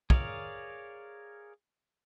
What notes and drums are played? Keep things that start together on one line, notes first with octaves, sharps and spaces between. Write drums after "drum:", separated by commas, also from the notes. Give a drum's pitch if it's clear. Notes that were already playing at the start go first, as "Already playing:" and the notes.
G#4 A#4 C#5 D5 F5, drum: kick